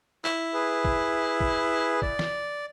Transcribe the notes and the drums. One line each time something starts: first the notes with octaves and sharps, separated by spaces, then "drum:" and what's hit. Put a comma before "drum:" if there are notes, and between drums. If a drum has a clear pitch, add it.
E4, drum: clap
G#4 B4
drum: kick
drum: kick
D5, drum: kick
drum: snare